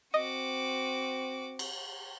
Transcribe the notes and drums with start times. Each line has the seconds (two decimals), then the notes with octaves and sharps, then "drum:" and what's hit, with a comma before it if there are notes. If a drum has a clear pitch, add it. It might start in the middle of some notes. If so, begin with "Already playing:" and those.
0.14 C4 F#4 D#5 D6
1.59 drum: cymbal